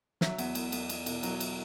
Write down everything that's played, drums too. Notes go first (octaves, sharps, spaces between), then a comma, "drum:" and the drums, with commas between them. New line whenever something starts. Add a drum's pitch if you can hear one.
F#3 E5, drum: snare
E2, drum: cymbal
E2, drum: cymbal
E2, drum: cymbal
E2, drum: cymbal
B2, drum: cymbal
F#3, drum: cymbal
drum: cymbal